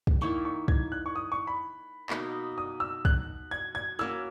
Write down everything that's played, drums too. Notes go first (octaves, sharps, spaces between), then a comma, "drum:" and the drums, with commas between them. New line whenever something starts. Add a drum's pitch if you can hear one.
drum: kick
D#3 A#3 E4 C#6
C#6
G#6, drum: kick
F#6
C#6
D#6
C#6
B5
B2 A#3 D#4, drum: clap
D#6
E6
F#6, drum: kick
G#6
G#6
A#3 C#4 F#4 B4 E6